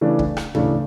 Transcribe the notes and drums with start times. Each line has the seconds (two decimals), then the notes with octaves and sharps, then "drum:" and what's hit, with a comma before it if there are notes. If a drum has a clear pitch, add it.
0.01 C#3 E3 A3 D4
0.19 drum: kick
0.37 drum: rim click
0.55 C#3 E3 A3 D4, drum: tom